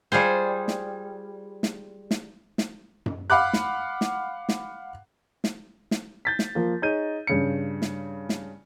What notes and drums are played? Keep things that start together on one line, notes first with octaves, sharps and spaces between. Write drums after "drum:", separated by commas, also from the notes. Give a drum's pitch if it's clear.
G3 F4 G#4 C5
drum: snare
drum: snare
drum: snare
drum: snare
drum: tom F#2
F5 F#5 B5 D6 F#6
drum: snare
drum: snare
drum: snare
drum: snare
drum: snare
G6 A6 B6
drum: snare
F3 A#3
D#4 G#4 C#5 G6 D#7
G2 C#3 C#7
drum: snare
drum: snare